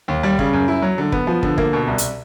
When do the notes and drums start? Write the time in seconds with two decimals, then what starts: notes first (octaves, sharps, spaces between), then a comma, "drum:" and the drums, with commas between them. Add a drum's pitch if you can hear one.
0.08 D#2
0.23 G3
0.39 C#3, drum: kick
0.53 F#2
0.68 E4
0.82 F#3
0.98 D3
1.12 B3, drum: kick
1.27 F3
1.43 D3, drum: kick
1.58 A#3, drum: kick
1.73 B2
1.87 C2
1.98 drum: hi-hat